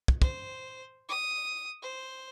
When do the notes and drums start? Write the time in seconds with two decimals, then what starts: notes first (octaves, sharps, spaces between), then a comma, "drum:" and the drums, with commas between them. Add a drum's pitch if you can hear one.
0.08 drum: kick
0.22 C5, drum: kick
1.08 D#6
1.82 C5